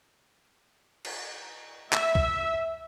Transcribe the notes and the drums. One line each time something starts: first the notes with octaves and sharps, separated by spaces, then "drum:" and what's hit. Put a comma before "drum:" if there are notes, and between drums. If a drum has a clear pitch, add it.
drum: cymbal
E5, drum: clap
drum: kick C2